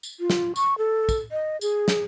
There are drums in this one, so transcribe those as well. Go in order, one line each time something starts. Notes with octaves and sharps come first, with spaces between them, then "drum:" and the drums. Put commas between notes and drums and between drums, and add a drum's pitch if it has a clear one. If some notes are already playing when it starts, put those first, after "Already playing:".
drum: tambourine
F4
drum: snare
C#6, drum: tambourine
A4
drum: kick, tambourine
D#5
G#4, drum: tambourine
drum: snare